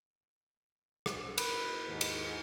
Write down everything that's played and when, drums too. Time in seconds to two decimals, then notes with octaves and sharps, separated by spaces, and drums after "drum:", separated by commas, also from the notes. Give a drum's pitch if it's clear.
1.06 drum: rim click
1.38 A#4 B4 B5, drum: cymbal
1.87 D#2 G#2
2.01 drum: cymbal